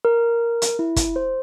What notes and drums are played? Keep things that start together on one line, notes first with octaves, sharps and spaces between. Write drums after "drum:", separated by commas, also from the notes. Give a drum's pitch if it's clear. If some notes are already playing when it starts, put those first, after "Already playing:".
A#4
drum: hi-hat
E4
drum: kick, hi-hat
C5